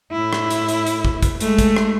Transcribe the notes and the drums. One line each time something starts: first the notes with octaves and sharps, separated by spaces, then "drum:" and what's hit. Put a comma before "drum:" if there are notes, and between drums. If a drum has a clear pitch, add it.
A2 E4
drum: rim click
drum: hi-hat
drum: hi-hat
drum: hi-hat
drum: kick
drum: kick, hi-hat
G#3 A3, drum: hi-hat
drum: kick, hi-hat
drum: rim click